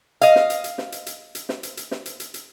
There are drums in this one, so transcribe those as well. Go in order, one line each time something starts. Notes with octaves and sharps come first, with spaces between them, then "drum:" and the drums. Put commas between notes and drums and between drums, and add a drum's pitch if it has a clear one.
D#5 F5, drum: hi-hat
drum: snare
drum: hi-hat
drum: hi-hat
drum: snare
drum: hi-hat
drum: hi-hat
drum: hi-hat
drum: snare
drum: hi-hat
drum: hi-hat
drum: snare
drum: hi-hat
drum: hi-hat
drum: hi-hat